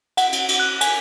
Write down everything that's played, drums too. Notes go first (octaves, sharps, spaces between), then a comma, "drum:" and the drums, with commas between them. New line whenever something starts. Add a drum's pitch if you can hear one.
F#5, drum: cymbal
drum: cymbal
drum: cymbal
F#6
G#5, drum: cymbal